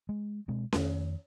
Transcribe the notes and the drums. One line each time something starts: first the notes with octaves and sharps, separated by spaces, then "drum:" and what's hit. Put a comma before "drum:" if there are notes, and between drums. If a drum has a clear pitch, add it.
G#3
B2 G#3 C4
F2 D#3 A3, drum: snare C#4